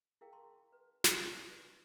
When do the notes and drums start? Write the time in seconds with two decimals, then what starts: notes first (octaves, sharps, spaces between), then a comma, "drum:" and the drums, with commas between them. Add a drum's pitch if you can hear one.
0.21 E4 G#4 A#4 F5 G5
0.33 A5 A#5 C6 C#6
0.73 B4
1.04 D#4 C5 G#5 B5 D6, drum: snare
1.49 D#4 B4 D5 C#6